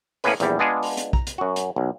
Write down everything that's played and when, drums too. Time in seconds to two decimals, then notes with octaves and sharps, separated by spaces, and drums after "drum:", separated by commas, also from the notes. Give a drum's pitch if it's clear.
0.24 A2 A#3 B3 C#4 B4, drum: open hi-hat
0.40 A#1 E2 G3, drum: hi-hat
0.59 G#3 B3 D4 F4 G#4
0.83 drum: open hi-hat
0.97 drum: hi-hat
1.13 A#5, drum: kick B1
1.27 drum: hi-hat
1.38 F#2 F#4
1.56 drum: hi-hat
1.76 B1